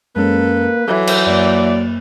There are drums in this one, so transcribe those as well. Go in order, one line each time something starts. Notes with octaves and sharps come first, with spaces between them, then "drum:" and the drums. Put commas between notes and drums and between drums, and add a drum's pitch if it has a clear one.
F#2 G#3 A#3 C#4 A4 B4
E3 F#3 A4
drum: cymbal
F#2 A#3 D5